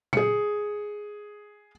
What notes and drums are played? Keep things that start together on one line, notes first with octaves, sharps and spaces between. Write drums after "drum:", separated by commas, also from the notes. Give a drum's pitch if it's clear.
G#4 C#7, drum: tom A#2